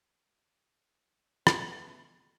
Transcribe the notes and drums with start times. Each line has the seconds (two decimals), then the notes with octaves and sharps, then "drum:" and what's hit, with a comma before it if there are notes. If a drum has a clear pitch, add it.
1.47 G#3 A3 B3, drum: rim click